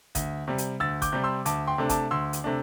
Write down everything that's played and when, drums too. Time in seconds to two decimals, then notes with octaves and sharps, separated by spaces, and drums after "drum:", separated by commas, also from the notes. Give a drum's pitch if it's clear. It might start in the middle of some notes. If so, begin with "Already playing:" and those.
0.15 D2, drum: kick G1, hi-hat
0.48 C3 G3
0.58 drum: hi-hat
0.80 D2 E6 A6
1.02 D6 G6, drum: kick G1, hi-hat
1.12 C3 G3 G6
1.24 C6 E6
1.46 D2 A5 D6, drum: hi-hat
1.67 G5 C6
1.78 C3 A3 D4
1.89 A5 D6, drum: kick G1, hi-hat
2.11 D2 C6 E6
2.33 drum: hi-hat
2.44 C3 A3 D4